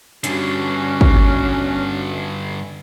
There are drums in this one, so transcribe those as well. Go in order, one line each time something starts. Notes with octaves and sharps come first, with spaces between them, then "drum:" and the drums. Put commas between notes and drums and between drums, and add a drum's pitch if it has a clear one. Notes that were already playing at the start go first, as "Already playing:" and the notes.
G2 D3 C#4 F#4, drum: hi-hat
drum: kick